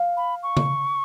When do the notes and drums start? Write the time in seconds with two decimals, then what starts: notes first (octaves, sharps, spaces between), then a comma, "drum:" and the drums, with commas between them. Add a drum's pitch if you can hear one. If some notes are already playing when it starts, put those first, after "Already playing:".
Already playing: F5
0.17 B5
0.43 C#6
0.57 drum: tom C#3